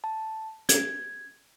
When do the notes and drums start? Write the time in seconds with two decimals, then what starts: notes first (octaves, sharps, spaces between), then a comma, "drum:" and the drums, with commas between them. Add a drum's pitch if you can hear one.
0.04 A5
0.69 G#6, drum: hi-hat